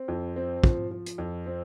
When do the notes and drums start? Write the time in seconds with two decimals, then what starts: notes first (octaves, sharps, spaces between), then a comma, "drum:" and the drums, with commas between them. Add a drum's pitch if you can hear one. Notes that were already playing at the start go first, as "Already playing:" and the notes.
Already playing: C4
0.08 F2
0.36 C4
0.64 F3, drum: kick
0.91 F3
1.06 drum: hi-hat
1.18 F2
1.46 C4